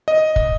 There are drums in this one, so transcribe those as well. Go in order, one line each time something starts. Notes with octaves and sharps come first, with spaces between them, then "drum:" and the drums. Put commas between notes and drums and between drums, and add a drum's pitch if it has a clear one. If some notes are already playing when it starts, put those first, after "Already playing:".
D#5
drum: kick